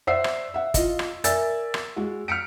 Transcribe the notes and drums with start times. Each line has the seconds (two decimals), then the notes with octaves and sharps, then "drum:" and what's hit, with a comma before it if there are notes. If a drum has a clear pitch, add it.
0.07 C5 D5 E5 F#5 E6 C7
0.24 drum: rim click
0.54 E5 F#5
0.74 F4 D#5, drum: kick, hi-hat
0.99 drum: rim click
1.24 A#4 D5 E5 G#5 E6 A6, drum: hi-hat
1.74 drum: rim click
1.96 G#3 F#4
2.28 F6 B6 C#7 D7